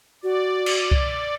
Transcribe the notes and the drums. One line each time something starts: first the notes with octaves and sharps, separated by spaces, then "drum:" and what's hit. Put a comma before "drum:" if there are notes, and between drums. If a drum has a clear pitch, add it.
F#4 D5
drum: cymbal
drum: kick C2